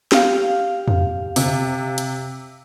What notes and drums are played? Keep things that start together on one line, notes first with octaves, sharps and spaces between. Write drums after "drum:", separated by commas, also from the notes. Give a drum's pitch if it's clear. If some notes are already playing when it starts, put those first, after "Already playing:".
G4 F5, drum: snare B3
drum: tom E2
C3, drum: open hi-hat
drum: hi-hat